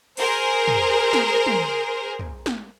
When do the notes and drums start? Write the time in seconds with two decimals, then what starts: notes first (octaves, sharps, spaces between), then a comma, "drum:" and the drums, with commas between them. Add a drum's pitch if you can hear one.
0.17 G#4 A#4 C5, drum: cymbal
0.68 drum: tom
1.13 drum: snare
1.46 drum: tom
2.19 drum: tom
2.46 drum: snare